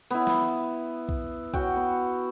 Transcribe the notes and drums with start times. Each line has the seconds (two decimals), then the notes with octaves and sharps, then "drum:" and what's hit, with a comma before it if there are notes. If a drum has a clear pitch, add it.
0.11 B3 E4, drum: cymbal
0.27 drum: snare
1.09 drum: kick B1
1.54 F#4 G5, drum: kick B1
1.76 B3